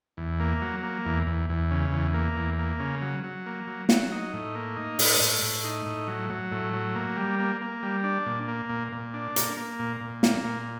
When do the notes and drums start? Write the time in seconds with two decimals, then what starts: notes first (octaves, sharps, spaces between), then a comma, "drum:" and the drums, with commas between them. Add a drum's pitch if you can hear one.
0.17 E2
0.40 A#3
0.62 F#3
0.83 A#3
1.06 E2
1.27 E2
1.49 E2
1.71 C#3
1.92 E2
2.14 A#3
2.36 E2
2.59 A#3
2.80 C#3
3.02 F#3
3.24 F#3
3.46 A#3
3.67 F#3
3.89 F#3, drum: snare
4.12 D#4
4.33 A2
4.55 A#3
4.76 D#4
4.99 A2, drum: open hi-hat
5.20 A2
5.42 A2
5.64 D#4
5.86 A2
6.08 F#3
6.30 F#3
6.52 A2
6.73 F#3
6.95 A#3
7.16 G3
7.39 A#3
7.61 A#3
7.83 G3
8.04 D4
8.26 A#2
8.48 A#3
8.69 A#2
8.92 A#2
9.14 D4
9.36 A#3, drum: hi-hat
9.57 A#3
9.79 A#2
10.01 A#2
10.23 A#3, drum: snare
10.44 A#2